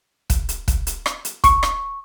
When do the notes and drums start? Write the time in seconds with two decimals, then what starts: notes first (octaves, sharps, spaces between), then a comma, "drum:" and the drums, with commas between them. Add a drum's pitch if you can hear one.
0.30 drum: kick, hi-hat
0.49 drum: hi-hat
0.68 drum: kick, hi-hat
0.87 drum: hi-hat
1.06 drum: rim click
1.25 drum: hi-hat
1.44 C#6, drum: kick, hi-hat
1.63 drum: rim click